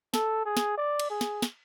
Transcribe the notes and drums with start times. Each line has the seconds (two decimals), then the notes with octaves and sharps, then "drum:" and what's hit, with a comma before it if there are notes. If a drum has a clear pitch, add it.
0.14 A4, drum: snare
0.46 G#4
0.57 drum: snare
0.78 D5
1.00 drum: cymbal
1.10 G#4
1.21 drum: snare
1.42 drum: snare